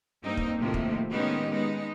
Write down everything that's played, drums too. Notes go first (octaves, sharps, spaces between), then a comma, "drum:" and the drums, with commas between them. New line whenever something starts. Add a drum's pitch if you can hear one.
G2 A#3 C4 D#4
drum: kick
A2 C3 D#3 F3 A3 A#3
drum: kick
D#3 G#3 B3 C#4 D#4 G4
G#3 B3 D#4